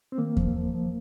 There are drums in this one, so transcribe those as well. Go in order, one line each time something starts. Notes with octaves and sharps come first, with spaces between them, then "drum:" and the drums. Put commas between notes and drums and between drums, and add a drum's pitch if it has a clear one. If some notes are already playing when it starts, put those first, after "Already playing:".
C4
D#3 A#3
F3, drum: kick E2
F3
F3